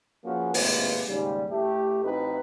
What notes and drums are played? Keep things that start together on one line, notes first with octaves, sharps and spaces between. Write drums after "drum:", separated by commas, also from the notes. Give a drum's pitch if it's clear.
F3 A#3 C#4 F#4 G#4 B4
G#1 A2 C3 G#3 A#3 B4, drum: open hi-hat
D#2 G#2 C#3 G3
A1 A3 G4
A1 E3 C4 D#4 F#4 B4